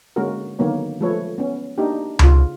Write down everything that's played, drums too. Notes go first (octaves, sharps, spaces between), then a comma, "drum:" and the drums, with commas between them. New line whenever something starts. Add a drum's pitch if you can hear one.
D3 G#3 A#3 C#4 F#4 A#4
D3 D#3 F#3 A#3 B3 C#5
F3 G#3 A3 A4 B4 C#5
B3 C#4
A#3 D4 D#4 F#4 G4
C#3 F4, drum: tom C#2